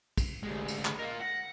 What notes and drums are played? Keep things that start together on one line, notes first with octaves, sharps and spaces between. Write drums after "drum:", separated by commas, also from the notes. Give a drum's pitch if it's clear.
drum: kick, cymbal
D2 G#3 G4
drum: cymbal
G#4, drum: clap
F4 A#4 D#5
F#5 A#6